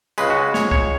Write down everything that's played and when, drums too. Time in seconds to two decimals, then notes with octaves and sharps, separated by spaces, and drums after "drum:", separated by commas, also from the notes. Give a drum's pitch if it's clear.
0.18 C#2 C#3 G#3 B4, drum: tambourine
0.30 F#4
0.54 C#5, drum: snare
0.71 C#5, drum: kick C2